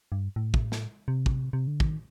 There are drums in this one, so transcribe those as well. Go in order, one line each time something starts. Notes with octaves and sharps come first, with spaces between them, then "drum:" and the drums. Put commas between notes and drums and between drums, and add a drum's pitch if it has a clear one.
G2
A2
drum: kick
drum: snare
C3
drum: kick
C3
D3
D#3, drum: kick